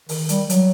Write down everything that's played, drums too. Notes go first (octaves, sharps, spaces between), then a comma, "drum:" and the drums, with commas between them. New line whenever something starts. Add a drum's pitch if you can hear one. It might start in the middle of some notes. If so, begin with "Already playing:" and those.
D#3, drum: open hi-hat
G3, drum: hi-hat
F#3, drum: hi-hat